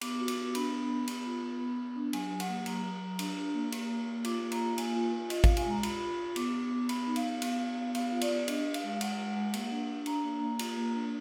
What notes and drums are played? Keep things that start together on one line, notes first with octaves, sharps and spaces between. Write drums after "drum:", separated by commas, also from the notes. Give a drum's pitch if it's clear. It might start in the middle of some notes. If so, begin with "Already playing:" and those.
B3 D6, drum: cymbal
F#4
D6, drum: cymbal
B3
D4 B5, drum: cymbal
B3
B3
B3, drum: cymbal
F4
B3
B3
B3
D4
F#3 G#5, drum: cymbal
F#3
F#5, drum: cymbal
A#3
F#3 A#5, drum: cymbal
F#3
F#3
D4, drum: cymbal
D4
A#3
A#3, drum: cymbal
A#3
A#3
F4 D6, drum: cymbal
A#3
A#5, drum: cymbal
F4
A#3 G#5, drum: cymbal
F4
F4
F4 D#5, drum: cymbal
F4 F5, drum: kick G#1, cymbal
G#5, drum: cymbal
G#3 A#5
F4 B5, drum: cymbal
F4
F4
B3 D6, drum: cymbal
B3
B3
B3 B5, drum: cymbal
D#4
F5, drum: cymbal
B3
B3, drum: cymbal
B3
B3
B3 F5, drum: cymbal
F4
D5, drum: cymbal
B3
D4 D#5, drum: cymbal
D4
F5, drum: cymbal
G#3
G#3 F#5, drum: cymbal
G#3
G#3
A#3, drum: cymbal
D4
D4
D4 A#5, drum: cymbal
A#3
A#3
F4, drum: cymbal
A#3
D4